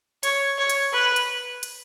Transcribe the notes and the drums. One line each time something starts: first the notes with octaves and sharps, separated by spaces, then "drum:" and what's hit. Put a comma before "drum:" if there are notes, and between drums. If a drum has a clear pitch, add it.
C#5, drum: hi-hat
C#5
drum: hi-hat
B4
drum: hi-hat
drum: hi-hat